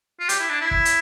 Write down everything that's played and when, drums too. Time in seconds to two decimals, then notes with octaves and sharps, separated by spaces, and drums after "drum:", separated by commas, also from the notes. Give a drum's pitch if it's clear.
0.20 F4
0.29 G4, drum: hi-hat
0.40 E4
0.50 D4
0.61 E4
0.71 drum: kick
0.85 drum: hi-hat